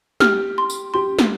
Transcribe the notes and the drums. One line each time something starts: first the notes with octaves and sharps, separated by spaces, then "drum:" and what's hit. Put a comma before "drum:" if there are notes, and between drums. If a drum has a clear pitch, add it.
G4 F6, drum: snare
C6
drum: tambourine
G4 C6
drum: snare